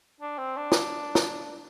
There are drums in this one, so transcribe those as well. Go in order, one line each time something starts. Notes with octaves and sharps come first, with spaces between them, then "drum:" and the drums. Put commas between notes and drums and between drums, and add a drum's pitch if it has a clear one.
D4
C4
D4
drum: snare
drum: snare